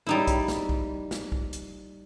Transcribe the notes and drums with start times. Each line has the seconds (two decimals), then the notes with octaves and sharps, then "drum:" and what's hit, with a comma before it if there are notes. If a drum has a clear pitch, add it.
0.07 G3 D#4 E4
0.27 drum: kick, hi-hat
0.48 drum: snare
0.69 drum: kick
1.11 drum: snare
1.32 drum: kick
1.53 drum: hi-hat